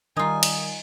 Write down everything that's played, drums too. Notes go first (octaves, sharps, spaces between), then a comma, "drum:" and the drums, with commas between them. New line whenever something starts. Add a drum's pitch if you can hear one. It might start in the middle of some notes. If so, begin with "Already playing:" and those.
D#3 G3 D#4 F4 G#5 D#6 G#6
drum: cymbal